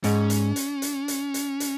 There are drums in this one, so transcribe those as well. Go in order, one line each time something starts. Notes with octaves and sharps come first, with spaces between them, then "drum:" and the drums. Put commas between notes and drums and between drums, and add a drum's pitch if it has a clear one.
G#2 C#4, drum: hi-hat
drum: hi-hat
drum: hi-hat
drum: hi-hat
drum: hi-hat
drum: hi-hat
drum: hi-hat